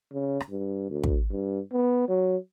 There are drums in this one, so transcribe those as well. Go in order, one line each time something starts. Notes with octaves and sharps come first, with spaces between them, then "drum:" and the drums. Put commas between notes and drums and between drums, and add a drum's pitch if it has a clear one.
C#3
drum: rim click
G2
D2
drum: kick
G2
B3
F#3